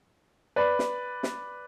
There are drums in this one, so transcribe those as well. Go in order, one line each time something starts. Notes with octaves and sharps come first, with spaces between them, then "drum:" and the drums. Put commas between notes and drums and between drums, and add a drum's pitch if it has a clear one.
B4 D5
drum: snare
drum: snare